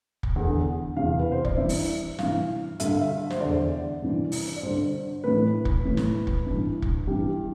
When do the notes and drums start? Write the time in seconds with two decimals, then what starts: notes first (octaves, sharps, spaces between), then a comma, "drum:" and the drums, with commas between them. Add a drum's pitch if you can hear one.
0.23 drum: kick
0.36 E2 D3
0.97 E2 C3 E3 F5
1.19 B4
1.32 C5
1.45 D5, drum: kick
1.57 G2 E3 E5
1.69 drum: open hi-hat
2.18 G2 E3 F5, drum: snare
2.80 G2 D3 E5, drum: hi-hat
2.91 F5
3.01 E5
3.30 C5, drum: snare
3.40 E2 D3 D5
4.02 G2 E3
4.32 drum: open hi-hat
4.56 D5
4.63 G2 D3 C5
5.24 A2 E3 B4
5.65 drum: kick
5.85 A2 E3
5.97 drum: snare
6.27 drum: kick
6.46 G2 E3
6.82 drum: kick
7.07 G2 E3 G4